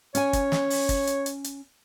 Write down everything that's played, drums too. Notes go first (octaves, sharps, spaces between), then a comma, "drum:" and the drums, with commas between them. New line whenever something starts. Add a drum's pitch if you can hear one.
C#4 C#5 G#5, drum: hi-hat
drum: kick, hi-hat
drum: snare
drum: open hi-hat
drum: kick, hi-hat
drum: hi-hat
drum: hi-hat
drum: hi-hat